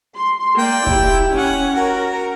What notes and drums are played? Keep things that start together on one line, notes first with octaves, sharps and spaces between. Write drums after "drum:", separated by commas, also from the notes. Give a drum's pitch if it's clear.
C6
A#3 D5 G5
E4 G4, drum: kick
C#4 F#5
F#4 A#4